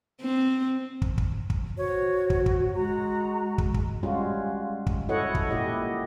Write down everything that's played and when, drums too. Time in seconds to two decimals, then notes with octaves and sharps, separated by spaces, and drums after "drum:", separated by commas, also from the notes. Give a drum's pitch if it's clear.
0.21 C4
1.02 drum: kick
1.18 drum: kick
1.50 drum: kick
1.77 F#4 C5 C#5
2.30 drum: kick
2.46 drum: kick
2.75 G#3 F#4 A#5
3.58 drum: kick
3.74 drum: kick
4.03 G3 G#3 C#4 F4 F#4
4.87 drum: kick
5.09 E4 F#4 A4 C#5 D#5 F#5
5.35 drum: kick
5.51 A#2 E4 G4 D#5